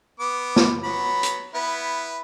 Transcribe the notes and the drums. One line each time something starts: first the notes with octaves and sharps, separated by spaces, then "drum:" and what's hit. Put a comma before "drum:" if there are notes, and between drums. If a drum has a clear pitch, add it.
B3 D6
drum: snare
F#3 B3 B5
drum: hi-hat
B3 E4 B4